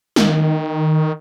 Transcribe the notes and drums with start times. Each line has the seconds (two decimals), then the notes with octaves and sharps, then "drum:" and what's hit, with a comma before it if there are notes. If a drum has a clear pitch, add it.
0.16 D#3, drum: snare